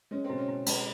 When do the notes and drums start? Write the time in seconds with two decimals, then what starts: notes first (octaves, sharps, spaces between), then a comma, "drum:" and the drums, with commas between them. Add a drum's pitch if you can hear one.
0.11 G#3 C#4
0.24 B2 C4
0.38 C#4
0.48 B2
0.66 G#3, drum: cymbal